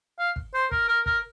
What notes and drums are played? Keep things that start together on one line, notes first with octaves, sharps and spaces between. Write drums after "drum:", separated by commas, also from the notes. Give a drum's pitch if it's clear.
F5
drum: kick
C5
A#4, drum: kick
A#4
A#4, drum: kick